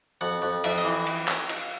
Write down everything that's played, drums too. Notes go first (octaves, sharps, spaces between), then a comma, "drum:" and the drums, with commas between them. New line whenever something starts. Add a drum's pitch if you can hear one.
F2 F#5
F2
F2 E5, drum: cymbal
D#5
E3
drum: cymbal
drum: clap
drum: cymbal